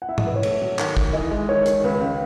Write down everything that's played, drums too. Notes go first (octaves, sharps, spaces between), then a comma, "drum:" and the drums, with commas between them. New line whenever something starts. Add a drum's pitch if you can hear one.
F#5
E4 E5
D#5, drum: tom G#2
E4 B4
C#5
A3, drum: cymbal
F#3
D#3, drum: clap
D#3, drum: kick
E3 D#5
G#3
D#3 C#5
D#3, drum: hi-hat
C#2 B4
C#2